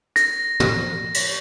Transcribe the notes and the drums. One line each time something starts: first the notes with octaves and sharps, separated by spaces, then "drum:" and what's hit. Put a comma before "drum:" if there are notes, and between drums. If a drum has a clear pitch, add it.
A#6, drum: hi-hat
drum: tom
drum: cymbal